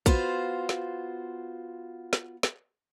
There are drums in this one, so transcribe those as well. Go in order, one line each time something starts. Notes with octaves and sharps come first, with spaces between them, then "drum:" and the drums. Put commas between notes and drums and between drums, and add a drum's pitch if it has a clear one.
B3 F4 F#4 C5, drum: kick
drum: snare
drum: snare
drum: snare